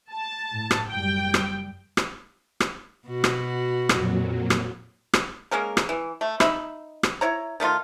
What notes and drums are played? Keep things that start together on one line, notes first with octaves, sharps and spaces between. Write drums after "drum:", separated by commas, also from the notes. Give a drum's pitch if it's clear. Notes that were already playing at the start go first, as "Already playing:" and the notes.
A5
A2
drum: rim click
F#1 G3 G5
drum: rim click
drum: rim click
drum: rim click
B2 F#4
drum: rim click
F2 A#2 F#3, drum: rim click
drum: rim click
drum: rim click
G#3 A#3 C#4 A#4
drum: rim click
E3
A3
D#4 E5 B5, drum: rim click
drum: rim click
E4 C#5 A#5
D#3 A3 D#4 F4